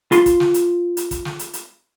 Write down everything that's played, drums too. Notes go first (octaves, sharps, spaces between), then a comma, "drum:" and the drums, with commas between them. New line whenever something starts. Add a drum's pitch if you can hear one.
F4 C6, drum: hi-hat
drum: kick, hi-hat
drum: snare
drum: hi-hat
drum: hi-hat
drum: kick, hi-hat
drum: snare
drum: hi-hat
drum: hi-hat